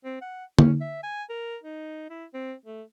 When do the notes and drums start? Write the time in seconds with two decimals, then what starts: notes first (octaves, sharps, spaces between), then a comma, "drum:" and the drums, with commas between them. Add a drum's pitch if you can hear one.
0.05 C4
0.22 F#5
0.59 C#4, drum: tom
0.81 E5
1.03 G#5
1.30 A#4
1.64 D#4
2.10 E4
2.34 C4
2.66 A3